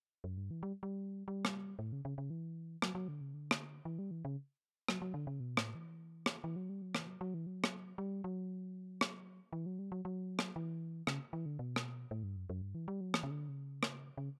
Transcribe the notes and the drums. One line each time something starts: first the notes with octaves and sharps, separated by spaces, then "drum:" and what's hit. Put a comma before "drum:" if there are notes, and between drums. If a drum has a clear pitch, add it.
F#2
G2
E3
G3
G3
G3
drum: rim click
A2
C#3
C#3
C#3
E3
F#3, drum: rim click
F#3
D3
C#3
D3
drum: rim click
E3
G3
E3
C#3
F#3, drum: rim click
F#3
D3
C#3
B2
A2, drum: rim click
E3
drum: rim click
E3
F#3
G3
F#3
E3, drum: rim click
F#3
F#3
E3
F#3
drum: rim click
G3
F#3
drum: rim click
E3
F#3
G3
F#3
F#3
drum: rim click
E3
C#3, drum: rim click
E3
D3
B2
drum: rim click
A2
G2
F#2
F#2
G2
E3
G3
F#3
E3, drum: rim click
C#3
D3
C#3
drum: rim click
C#3